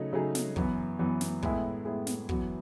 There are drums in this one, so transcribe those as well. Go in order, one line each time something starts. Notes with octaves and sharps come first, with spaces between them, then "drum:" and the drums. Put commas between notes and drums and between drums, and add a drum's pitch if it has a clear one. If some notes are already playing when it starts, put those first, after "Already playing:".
Already playing: C#3 F#3 A3 D#4
C#3 F#3 A3 D#4 G#4
drum: snare
F#2 E3 B3, drum: kick
F#2 E3 B3
drum: snare
A2 G#3 B3 E4 G#4, drum: kick
A2 G#3 B3 E4 G#4
drum: snare
F#2 E3 B3 F#4, drum: kick